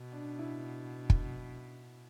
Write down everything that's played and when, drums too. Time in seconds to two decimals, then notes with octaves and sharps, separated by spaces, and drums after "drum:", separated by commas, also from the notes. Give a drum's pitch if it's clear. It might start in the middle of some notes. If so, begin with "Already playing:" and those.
Already playing: B2
0.12 D4
0.39 E4
1.10 drum: kick